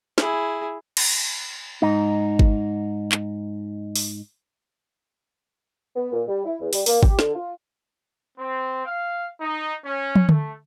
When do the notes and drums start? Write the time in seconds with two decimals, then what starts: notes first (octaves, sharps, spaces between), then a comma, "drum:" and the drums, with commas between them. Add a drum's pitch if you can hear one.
0.18 E4 G#4, drum: snare
0.97 drum: cymbal
1.82 G#2 D#4
2.39 drum: kick G#1
3.12 drum: clap
3.96 drum: open hi-hat
5.96 B3
6.12 A#2
6.28 G3
6.45 E4
6.60 E2
6.73 G3, drum: open hi-hat
6.86 A#3, drum: open hi-hat
7.03 G4, drum: kick G#1
7.19 D3, drum: snare
7.35 F4
8.38 C4
8.86 F5
9.40 D#4
9.84 C#4
10.16 drum: tom
10.29 A3, drum: tom D3